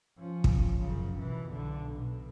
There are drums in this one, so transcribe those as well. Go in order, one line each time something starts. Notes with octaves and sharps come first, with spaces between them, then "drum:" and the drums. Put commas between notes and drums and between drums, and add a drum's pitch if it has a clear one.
F3 C#4
drum: kick
F#2 C#3
B2 E3
B1 D3
B2